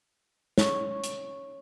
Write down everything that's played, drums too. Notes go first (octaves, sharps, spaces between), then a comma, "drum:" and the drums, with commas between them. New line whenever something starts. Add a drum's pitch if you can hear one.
C#5, drum: snare
drum: hi-hat